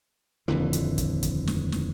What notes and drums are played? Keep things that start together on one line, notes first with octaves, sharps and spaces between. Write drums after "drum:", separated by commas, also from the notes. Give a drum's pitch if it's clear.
D#1 F2 D3 E3
drum: hi-hat
drum: kick, hi-hat
drum: kick, hi-hat
drum: snare
drum: snare